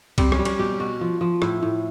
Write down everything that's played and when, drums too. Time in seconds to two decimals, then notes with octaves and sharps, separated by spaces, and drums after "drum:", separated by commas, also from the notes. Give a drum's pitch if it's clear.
0.18 G3 C4, drum: kick C2, cymbal
0.32 C#4, drum: rim click
0.39 G3
0.45 C#4, drum: cymbal
0.59 B2 G4
0.80 B2 F#4
1.01 F3
1.21 F3
1.42 A2 E4, drum: rim click
1.63 A2